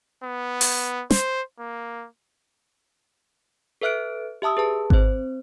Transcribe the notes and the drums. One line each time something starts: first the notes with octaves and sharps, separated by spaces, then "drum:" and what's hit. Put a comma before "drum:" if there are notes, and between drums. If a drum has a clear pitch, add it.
B3
drum: open hi-hat
C5, drum: snare
A#3
A4 B4 E5 F6 F#6 D7
G4 E5 A5 D#6 E6
G#4 B4 A5
C4 C5, drum: kick G#1